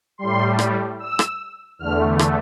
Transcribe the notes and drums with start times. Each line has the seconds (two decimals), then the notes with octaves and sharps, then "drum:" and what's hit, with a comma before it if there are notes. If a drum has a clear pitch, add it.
0.18 A2 G3 C6
0.59 drum: rim click
0.99 E6
1.19 drum: rim click
1.79 E2 D3 A3 F6
2.19 drum: rim click